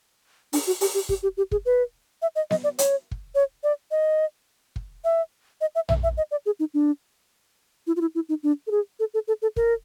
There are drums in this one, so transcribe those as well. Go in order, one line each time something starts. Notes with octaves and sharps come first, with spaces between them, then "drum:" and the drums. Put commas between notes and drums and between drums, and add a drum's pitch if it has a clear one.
D4, drum: open hi-hat
F#4
G4, drum: open hi-hat
G4
G4, drum: kick
G4
G4
G#4, drum: kick
B4
E5
D#5
D#5, drum: snare B3
D5
C#5, drum: hi-hat
drum: kick
C#5
D5
D#5
drum: kick
E5
D#5
E5
E5, drum: tom A#1
E5
D#5
D5
G#4
D#4
D4
E4
F4
E4
E4
D#4
D4
A4
G#4
A4
A4
A4
A4
A#4, drum: kick